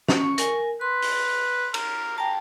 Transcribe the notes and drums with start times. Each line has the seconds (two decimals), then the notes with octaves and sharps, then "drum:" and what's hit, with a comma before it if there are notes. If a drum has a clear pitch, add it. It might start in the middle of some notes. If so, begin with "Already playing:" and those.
0.08 C#4 C#6, drum: snare
0.38 A#4 G#5, drum: hi-hat
0.81 B4 C6
1.02 drum: open hi-hat
1.74 A#4, drum: cymbal
2.18 G5 A5 A#5